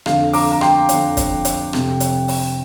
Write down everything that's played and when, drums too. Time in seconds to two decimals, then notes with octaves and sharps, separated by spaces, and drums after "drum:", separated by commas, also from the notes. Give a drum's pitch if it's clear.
0.06 F2 D3 F5, drum: rim click
0.33 A#5 D6, drum: open hi-hat
0.52 A#5
0.61 G5 C6, drum: rim click
0.89 F2 D3, drum: hi-hat
1.17 drum: kick, hi-hat
1.45 drum: hi-hat
1.73 F2 C3, drum: rim click
2.00 drum: hi-hat
2.28 drum: open hi-hat